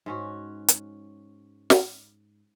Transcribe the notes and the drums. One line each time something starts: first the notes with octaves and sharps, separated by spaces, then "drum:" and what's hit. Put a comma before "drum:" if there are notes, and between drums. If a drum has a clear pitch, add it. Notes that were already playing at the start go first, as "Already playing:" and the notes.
G#2 C#4 F#4
drum: hi-hat
drum: snare